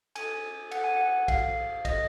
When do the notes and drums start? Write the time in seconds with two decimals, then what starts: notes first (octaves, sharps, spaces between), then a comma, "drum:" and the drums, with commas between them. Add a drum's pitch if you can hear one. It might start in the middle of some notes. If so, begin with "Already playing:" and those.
0.15 G#5, drum: cymbal
0.71 F#5, drum: cymbal
0.84 G#5
0.97 F#5
1.28 F5, drum: kick A#1, cymbal
1.85 D#5, drum: kick A#1, cymbal